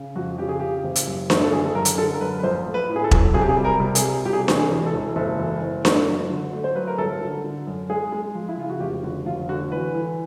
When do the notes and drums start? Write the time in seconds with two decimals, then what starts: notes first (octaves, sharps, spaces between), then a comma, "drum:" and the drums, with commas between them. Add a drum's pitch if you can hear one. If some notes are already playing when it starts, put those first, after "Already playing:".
Already playing: C#3
0.16 F2 F#4
0.38 C#3 G4
0.49 G#4
0.60 C#3 G4
0.84 F#1
0.96 drum: hi-hat
1.07 F#2
1.30 F#1, drum: snare D4
1.44 A4
1.52 D3 G#4
1.66 A4
1.75 F#2 A#4
1.85 drum: hi-hat
1.98 D3 A4
2.14 A#4
2.21 F#2 B4
2.39 B4
2.43 A#1 C5
2.66 A3
2.74 B4
2.89 A2
2.96 G#4
3.04 A4
3.11 F#3, drum: kick E1
3.34 C3 G#4
3.41 G4
3.49 G#4
3.57 G3
3.64 A#4
3.80 C3
3.95 G#4, drum: hi-hat
4.02 G3
4.25 C3 G4
4.33 G#4
4.40 G4
4.48 E1, drum: snare D4
4.56 G#4
4.71 E2
4.86 A4
4.94 E1
5.16 F#1 A4
5.39 E2
5.62 F#1
5.85 F#1, drum: snare D4
6.08 F#3
6.30 D3
6.53 A3
6.64 C5
6.75 F#3 B4
6.87 A#4
6.98 G1 A4
7.21 D3
7.44 D3
7.67 F#2
7.90 G#3 G#4
8.12 G#3
8.35 F3
8.49 E4
8.57 C#3 F4
8.70 F#4
8.80 F1 G4
9.03 D3 F#4
9.26 F1 F4
9.49 D3 F#4
9.72 E3 B4
9.95 E3